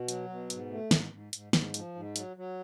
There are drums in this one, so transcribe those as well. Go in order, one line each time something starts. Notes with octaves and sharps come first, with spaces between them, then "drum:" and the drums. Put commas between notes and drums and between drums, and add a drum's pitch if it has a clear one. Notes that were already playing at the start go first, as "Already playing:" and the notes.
Already playing: B2
F#3, drum: hi-hat
B2
G#2, drum: hi-hat
A3
G#2, drum: snare
G#2
G#2, drum: hi-hat
G#2, drum: snare
F3, drum: hi-hat
G#2
F#3, drum: hi-hat
F#3